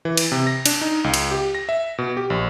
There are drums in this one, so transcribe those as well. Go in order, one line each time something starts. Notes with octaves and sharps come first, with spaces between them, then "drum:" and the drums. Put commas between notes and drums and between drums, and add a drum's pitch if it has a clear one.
E3
drum: cymbal
C3
A#6
D4, drum: cymbal
D#4
C#2
drum: cymbal
G4
A#6
E5
B2
G4
A#1